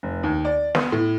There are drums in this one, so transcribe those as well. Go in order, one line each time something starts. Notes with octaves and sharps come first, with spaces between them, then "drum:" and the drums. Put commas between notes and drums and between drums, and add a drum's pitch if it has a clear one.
F1
D#2
D5
B3, drum: snare
A2